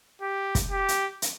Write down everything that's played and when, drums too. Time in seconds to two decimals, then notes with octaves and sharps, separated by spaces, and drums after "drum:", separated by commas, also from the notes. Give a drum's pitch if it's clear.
0.22 G4
0.55 drum: kick, hi-hat
0.71 G4
0.88 drum: hi-hat
1.22 drum: hi-hat